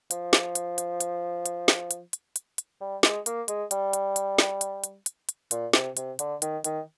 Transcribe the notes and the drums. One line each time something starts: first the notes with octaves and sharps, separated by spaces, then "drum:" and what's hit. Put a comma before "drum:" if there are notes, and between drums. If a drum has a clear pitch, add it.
F3, drum: hi-hat
drum: snare
drum: hi-hat
drum: hi-hat
drum: hi-hat
drum: hi-hat
drum: snare
drum: hi-hat
drum: hi-hat
drum: hi-hat
drum: hi-hat
G3
G#3, drum: snare
A#3, drum: hi-hat
G#3, drum: hi-hat
G3, drum: hi-hat
drum: hi-hat
drum: hi-hat
drum: snare
drum: hi-hat
drum: hi-hat
drum: hi-hat
drum: hi-hat
A#2, drum: hi-hat
C3, drum: snare
C3, drum: hi-hat
D3, drum: hi-hat
D#3, drum: hi-hat
D#3, drum: hi-hat